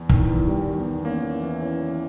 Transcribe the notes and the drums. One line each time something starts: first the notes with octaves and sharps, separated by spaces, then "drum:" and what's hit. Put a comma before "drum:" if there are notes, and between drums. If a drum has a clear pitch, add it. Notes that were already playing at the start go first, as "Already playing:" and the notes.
Already playing: E2
D#3, drum: kick
E3
E2
E2 G3
D#3
B3
E2
B3
A#3 C#4
E3
E3
E3 C#4
E3